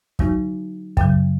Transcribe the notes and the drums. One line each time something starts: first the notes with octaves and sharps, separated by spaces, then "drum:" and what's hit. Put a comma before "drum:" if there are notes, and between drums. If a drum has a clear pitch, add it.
D3 F#3 A#3 D#4 F#4, drum: kick
F#2 C#3 F#3, drum: kick